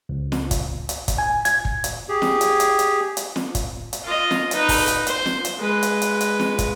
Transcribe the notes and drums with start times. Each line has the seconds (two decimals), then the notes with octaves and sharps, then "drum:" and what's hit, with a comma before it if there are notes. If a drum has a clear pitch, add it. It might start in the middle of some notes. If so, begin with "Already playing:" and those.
0.09 C#2
0.32 drum: snare
0.51 drum: kick, hi-hat
0.89 drum: hi-hat
1.08 drum: kick, hi-hat
1.18 G#5
1.45 G#6, drum: hi-hat
1.65 drum: kick
1.84 drum: hi-hat
2.09 G4 G#4
2.22 drum: snare
2.41 drum: hi-hat
2.60 drum: hi-hat
2.79 drum: hi-hat
3.17 drum: hi-hat
3.36 drum: snare
3.55 drum: kick, hi-hat
3.93 drum: hi-hat
4.04 F4 D#5
4.31 drum: snare
4.51 D#4 B4, drum: hi-hat
4.69 drum: kick, open hi-hat
4.88 drum: hi-hat
5.07 C5, drum: hi-hat
5.26 drum: snare
5.45 drum: hi-hat
5.58 G#3 B4
5.83 drum: hi-hat
6.02 drum: hi-hat
6.21 drum: hi-hat
6.40 drum: snare
6.59 drum: kick, hi-hat